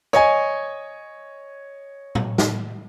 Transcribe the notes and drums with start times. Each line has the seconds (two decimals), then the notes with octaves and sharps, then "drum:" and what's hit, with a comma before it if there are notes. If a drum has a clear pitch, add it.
0.13 C#5 D#5 G#5, drum: rim click
2.15 drum: tom A2
2.38 drum: snare